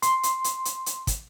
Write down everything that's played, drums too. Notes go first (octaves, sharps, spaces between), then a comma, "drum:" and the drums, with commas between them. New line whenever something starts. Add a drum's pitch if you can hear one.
C6, drum: hi-hat
drum: hi-hat
drum: hi-hat
drum: hi-hat
drum: hi-hat
drum: kick, hi-hat